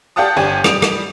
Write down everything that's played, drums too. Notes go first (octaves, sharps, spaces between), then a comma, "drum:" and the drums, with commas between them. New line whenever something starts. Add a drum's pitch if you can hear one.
G4 D5 F5 F#5 A5 D#6
G1 D4 G4 G#5
G3 D#6 D7 F7, drum: rim click
drum: rim click